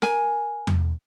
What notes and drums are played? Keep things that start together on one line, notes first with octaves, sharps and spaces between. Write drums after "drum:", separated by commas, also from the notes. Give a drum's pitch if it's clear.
A#4 G#5, drum: snare
drum: tom E2